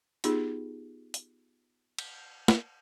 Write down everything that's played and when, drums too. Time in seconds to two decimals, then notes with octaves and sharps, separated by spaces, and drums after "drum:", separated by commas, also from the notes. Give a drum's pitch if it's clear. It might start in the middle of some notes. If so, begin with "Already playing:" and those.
0.24 B3 D#4 F4 G4 G#4, drum: hi-hat
1.14 drum: hi-hat
1.98 drum: cymbal
2.48 drum: snare